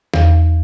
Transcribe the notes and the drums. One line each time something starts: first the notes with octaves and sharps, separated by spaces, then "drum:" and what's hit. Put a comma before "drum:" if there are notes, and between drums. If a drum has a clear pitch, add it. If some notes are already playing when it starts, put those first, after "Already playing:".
E2, drum: snare